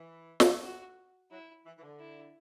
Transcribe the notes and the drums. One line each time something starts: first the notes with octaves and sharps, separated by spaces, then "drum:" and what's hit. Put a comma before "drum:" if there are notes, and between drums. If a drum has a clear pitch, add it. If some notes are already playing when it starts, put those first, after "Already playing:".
Already playing: E3
drum: snare
F#4
F#3 E4
E3
E3
D3
E4